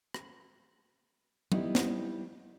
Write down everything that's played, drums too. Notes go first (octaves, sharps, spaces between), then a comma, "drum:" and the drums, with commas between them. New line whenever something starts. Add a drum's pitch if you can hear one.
drum: rim click
G3 B3 D#4 E4, drum: tom F#3
drum: snare